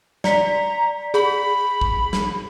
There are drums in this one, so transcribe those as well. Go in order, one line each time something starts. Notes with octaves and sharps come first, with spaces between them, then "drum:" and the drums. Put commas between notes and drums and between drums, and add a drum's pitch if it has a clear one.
D5 A#5 B6, drum: snare
G#4 B5
drum: kick
drum: snare